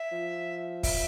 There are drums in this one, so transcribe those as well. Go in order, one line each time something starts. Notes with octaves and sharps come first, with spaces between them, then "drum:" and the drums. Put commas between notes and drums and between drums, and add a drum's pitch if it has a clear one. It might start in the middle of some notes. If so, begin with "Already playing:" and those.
Already playing: E5
F3
E5, drum: kick, open hi-hat